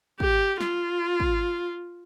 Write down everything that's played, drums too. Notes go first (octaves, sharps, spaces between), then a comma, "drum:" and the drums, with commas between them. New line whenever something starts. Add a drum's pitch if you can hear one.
G4, drum: kick
F4, drum: snare
drum: kick